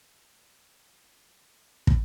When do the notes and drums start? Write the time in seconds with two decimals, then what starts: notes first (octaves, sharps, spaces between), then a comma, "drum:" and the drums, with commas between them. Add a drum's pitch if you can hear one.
0.02 C#2
0.41 G#2
0.75 A3
1.27 A#2
1.87 drum: kick